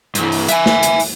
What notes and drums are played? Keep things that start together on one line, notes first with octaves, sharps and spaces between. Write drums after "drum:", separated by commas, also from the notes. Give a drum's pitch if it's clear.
G2 E3, drum: hi-hat
drum: open hi-hat
E5 G#5, drum: hi-hat
drum: snare
drum: hi-hat
drum: open hi-hat